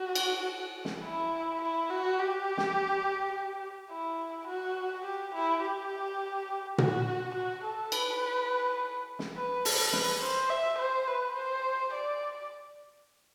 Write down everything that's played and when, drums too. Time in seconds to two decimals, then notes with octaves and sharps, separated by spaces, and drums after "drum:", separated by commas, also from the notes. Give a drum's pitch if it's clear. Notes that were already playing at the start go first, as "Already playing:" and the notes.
Already playing: F#4
0.15 drum: cymbal
0.85 drum: snare
1.05 E4
1.62 E4
1.90 F#4
2.20 G4
2.57 drum: snare
3.90 E4
4.48 F#4
5.05 G4
5.35 E4
5.63 G4
6.78 F#4, drum: tom A#2
7.35 F#4
7.64 A4
7.92 B4, drum: cymbal
9.19 drum: snare
9.36 B4
9.65 A4, drum: open hi-hat
9.93 B4, drum: snare
10.22 C5
10.50 E5
10.79 C5
11.07 B4
11.37 C5
11.94 D5